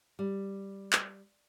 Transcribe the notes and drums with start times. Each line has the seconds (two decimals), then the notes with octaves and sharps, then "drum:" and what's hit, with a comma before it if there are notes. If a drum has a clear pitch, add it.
0.19 G3
0.93 drum: clap